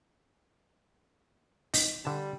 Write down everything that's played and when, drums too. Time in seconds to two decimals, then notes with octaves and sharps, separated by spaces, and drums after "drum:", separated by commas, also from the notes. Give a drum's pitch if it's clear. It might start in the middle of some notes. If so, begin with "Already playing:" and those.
1.74 D#4, drum: open hi-hat
2.05 D3 G3 A5